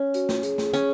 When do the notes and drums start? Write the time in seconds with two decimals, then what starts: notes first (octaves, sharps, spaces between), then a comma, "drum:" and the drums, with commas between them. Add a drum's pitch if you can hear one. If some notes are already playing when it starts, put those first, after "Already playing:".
Already playing: C#4
0.14 F#4, drum: hi-hat
0.29 drum: snare
0.43 G#4, drum: hi-hat
0.58 drum: snare
0.74 C#4, drum: hi-hat